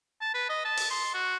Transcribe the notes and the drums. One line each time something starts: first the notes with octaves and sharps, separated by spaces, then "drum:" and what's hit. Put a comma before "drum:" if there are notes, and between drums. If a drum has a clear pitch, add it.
A5
B4
D#5
A5
drum: open hi-hat
C6
F#4